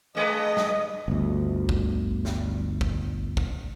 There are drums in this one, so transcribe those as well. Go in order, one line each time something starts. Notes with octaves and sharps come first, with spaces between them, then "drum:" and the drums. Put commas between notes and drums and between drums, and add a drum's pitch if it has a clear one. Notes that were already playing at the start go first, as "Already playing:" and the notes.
G2 G#3 B4 D#5 D#6
drum: snare
G1 D2
drum: kick
drum: snare
drum: kick
drum: kick